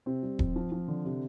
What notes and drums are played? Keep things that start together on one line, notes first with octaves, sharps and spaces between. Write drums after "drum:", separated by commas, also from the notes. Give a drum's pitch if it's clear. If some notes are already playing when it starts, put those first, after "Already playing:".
C3 C4
G3
F2, drum: kick D#1
F3
F3
D3
C3